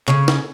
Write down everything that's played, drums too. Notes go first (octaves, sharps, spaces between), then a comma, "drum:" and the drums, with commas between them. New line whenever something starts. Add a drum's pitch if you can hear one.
C#3, drum: clap
drum: snare